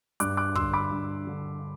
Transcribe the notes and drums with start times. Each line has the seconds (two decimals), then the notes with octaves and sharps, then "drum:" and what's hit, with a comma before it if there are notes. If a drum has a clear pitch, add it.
0.20 G2 D6 F#6, drum: hi-hat
0.37 D6 F#6
0.55 D3 C6 E6, drum: kick
0.73 B5 D6
0.91 G2
1.27 D3